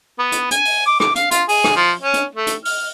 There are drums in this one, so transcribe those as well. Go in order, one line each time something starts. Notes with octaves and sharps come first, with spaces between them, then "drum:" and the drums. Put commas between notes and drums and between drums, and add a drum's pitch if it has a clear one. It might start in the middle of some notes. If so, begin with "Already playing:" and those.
B3
drum: hi-hat
G#5, drum: hi-hat
drum: open hi-hat
D6
D6, drum: rim click
F5, drum: hi-hat
F4, drum: hi-hat
G#4, drum: open hi-hat
drum: rim click
F3
C#4
drum: hi-hat
A3
drum: hi-hat
F6, drum: open hi-hat